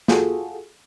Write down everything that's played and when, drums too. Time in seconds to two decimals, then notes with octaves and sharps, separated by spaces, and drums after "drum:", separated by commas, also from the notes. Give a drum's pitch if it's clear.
0.08 F4 F#4 G#4 A4, drum: snare